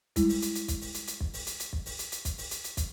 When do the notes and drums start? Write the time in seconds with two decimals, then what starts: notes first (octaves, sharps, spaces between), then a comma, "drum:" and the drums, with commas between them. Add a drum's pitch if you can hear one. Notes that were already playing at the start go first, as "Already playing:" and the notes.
0.16 G3 G#3 E4, drum: kick, hi-hat
0.29 drum: open hi-hat
0.42 drum: hi-hat
0.55 drum: hi-hat
0.68 drum: kick, hi-hat
0.81 drum: open hi-hat
0.94 drum: hi-hat
1.07 drum: hi-hat
1.20 drum: kick
1.34 drum: open hi-hat
1.47 drum: hi-hat
1.60 drum: hi-hat
1.73 drum: kick
1.86 drum: open hi-hat
1.99 drum: hi-hat
2.12 drum: hi-hat
2.25 drum: kick, hi-hat
2.38 drum: open hi-hat
2.51 drum: hi-hat
2.64 drum: hi-hat
2.77 drum: kick, hi-hat